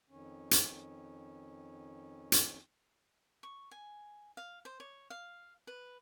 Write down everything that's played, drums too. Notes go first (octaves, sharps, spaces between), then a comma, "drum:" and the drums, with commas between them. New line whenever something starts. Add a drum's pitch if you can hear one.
F2 D#3 C#4
drum: hi-hat
drum: hi-hat
C#6
G#5
F5
C5
C#5
F5
B4